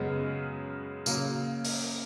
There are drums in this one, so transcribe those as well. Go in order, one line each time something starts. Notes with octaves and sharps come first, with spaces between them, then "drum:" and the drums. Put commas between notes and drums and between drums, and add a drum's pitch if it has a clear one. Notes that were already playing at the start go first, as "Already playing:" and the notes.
Already playing: F#2 C#3 G#3 B3
C#3 F#3 A#3, drum: tambourine
drum: open hi-hat